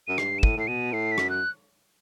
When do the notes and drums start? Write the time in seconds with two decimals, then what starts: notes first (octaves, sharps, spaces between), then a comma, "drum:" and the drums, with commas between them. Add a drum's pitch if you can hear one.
0.07 F#2 D#7
0.18 G2 C7, drum: rim click
0.39 E7
0.43 A2 D#7, drum: kick
0.57 A2 C7
0.67 B2 D#7
0.92 A2 C7
1.12 B6
1.18 F#2, drum: rim click
1.30 F#6